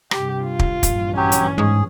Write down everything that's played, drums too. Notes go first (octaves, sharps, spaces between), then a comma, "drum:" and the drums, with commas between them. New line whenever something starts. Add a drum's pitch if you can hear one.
G2 C3 G4, drum: rim click
F4
drum: kick
A#1 G2 E3, drum: kick, hi-hat
F#3 C#4 G4
drum: hi-hat
G#2 G#4